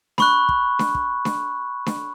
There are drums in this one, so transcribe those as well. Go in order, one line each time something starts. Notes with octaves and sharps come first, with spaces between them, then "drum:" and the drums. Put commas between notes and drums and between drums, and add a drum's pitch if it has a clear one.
B5 C#6 F#6, drum: snare D4
drum: kick
drum: snare D4
drum: kick
drum: snare D4
drum: snare D4